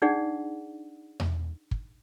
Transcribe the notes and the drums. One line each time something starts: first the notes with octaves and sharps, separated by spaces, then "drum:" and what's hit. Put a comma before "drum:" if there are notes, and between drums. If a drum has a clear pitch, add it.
D4 D#4 G#4 D5 F#5
drum: tom E2
drum: kick